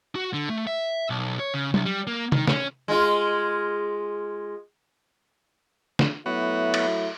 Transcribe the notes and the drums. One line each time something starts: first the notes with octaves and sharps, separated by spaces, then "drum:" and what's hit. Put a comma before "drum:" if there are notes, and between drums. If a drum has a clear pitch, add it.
F#4
D3
A3
E5
B1
C#5
C#3
C2, drum: tom F#3
G3
A#3
D#3, drum: tom
C#4, drum: snare
G#3 F4
drum: snare
F#3 A3 B3 E4 F#4 C#5
drum: cymbal